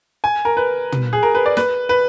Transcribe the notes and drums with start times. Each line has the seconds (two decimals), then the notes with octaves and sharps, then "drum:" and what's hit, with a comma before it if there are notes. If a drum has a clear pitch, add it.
0.24 G#5
0.45 A#4
0.57 B4
0.92 drum: tom
1.13 G#4
1.23 A#4
1.35 B4
1.46 D5
1.57 B4, drum: snare
1.89 B4